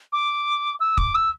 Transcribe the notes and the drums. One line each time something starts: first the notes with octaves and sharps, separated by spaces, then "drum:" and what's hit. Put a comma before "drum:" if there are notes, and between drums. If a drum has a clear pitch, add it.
D6
E6
D6, drum: kick
E6